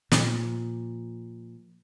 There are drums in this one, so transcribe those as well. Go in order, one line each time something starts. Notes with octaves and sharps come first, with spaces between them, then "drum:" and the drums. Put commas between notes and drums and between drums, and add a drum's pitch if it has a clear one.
A#2 F3, drum: snare